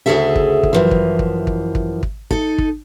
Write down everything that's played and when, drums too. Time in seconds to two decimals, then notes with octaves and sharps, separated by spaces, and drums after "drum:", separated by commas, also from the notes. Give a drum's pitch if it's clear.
0.06 D2 G2 C#3 G#4 A4 E5
0.36 drum: kick
0.63 drum: kick
0.73 F#2 E3 F3
0.91 drum: kick
1.19 drum: kick
1.47 drum: kick
1.75 drum: kick
2.03 drum: kick
2.31 D#4 A4, drum: kick
2.58 drum: kick